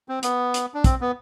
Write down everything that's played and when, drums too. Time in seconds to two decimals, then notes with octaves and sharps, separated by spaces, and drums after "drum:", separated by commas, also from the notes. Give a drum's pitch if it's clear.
0.09 C4
0.23 B3, drum: hi-hat
0.54 drum: hi-hat
0.74 D4
0.84 C4, drum: kick, hi-hat
1.01 B3